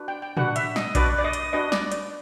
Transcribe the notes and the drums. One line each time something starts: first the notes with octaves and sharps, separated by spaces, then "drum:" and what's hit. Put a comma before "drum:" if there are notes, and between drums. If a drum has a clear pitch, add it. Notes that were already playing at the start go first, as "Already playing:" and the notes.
Already playing: D4 F#4 B4
G5
G5
D4 F#4 B4 F#5, drum: tom
E5, drum: hi-hat
D#5, drum: snare
D4 F#4 B4 D5, drum: kick A#1, hi-hat
D5
D#5
drum: hi-hat
D4 F#4 B4 D#5
D5, drum: snare
D5, drum: hi-hat